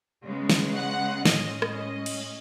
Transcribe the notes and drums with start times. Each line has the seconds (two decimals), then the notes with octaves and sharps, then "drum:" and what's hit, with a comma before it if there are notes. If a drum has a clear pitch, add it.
0.25 C#3 G#3 B3
0.50 drum: snare
0.75 F#5
1.25 A2 G#3 C#4 D#5, drum: snare
1.62 drum: rim click
1.76 D#5
2.06 drum: cymbal